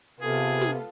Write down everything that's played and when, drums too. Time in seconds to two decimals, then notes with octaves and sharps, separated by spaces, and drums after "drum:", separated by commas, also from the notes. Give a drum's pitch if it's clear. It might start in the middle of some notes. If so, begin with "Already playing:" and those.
0.20 C3 B3 F4 G#4 A4
0.62 drum: snare